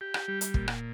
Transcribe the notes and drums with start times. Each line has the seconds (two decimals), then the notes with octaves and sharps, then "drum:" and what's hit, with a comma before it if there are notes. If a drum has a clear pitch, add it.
0.01 G4
0.14 drum: rim click
0.28 G3
0.41 drum: hi-hat
0.54 A#2, drum: kick
0.68 drum: rim click